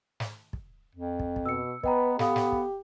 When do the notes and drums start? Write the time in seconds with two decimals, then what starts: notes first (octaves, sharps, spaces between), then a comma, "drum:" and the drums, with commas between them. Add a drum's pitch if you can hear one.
0.20 drum: snare
0.53 drum: kick
0.95 F2
1.20 drum: kick
1.36 drum: kick
1.46 B2 E6 C#7
1.84 B3 B4 D#5 G5 A#5, drum: kick
2.19 B3 G4 A4 F5 D#6, drum: snare
2.36 drum: snare
2.52 drum: kick